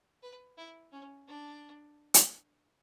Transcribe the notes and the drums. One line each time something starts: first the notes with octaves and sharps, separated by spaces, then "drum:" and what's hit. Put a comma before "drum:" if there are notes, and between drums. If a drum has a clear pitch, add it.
B4
E4
C#4
D4
drum: hi-hat